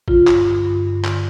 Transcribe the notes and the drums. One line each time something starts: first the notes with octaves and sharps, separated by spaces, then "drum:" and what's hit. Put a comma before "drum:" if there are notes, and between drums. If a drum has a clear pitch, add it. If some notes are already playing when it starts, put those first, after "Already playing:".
D3 F4, drum: kick
G2, drum: clap
G2
G2
G2
D3, drum: clap